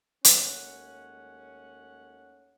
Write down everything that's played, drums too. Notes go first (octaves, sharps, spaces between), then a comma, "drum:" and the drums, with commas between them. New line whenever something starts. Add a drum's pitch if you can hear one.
D#2 G#3 A3 C#4 F#5, drum: hi-hat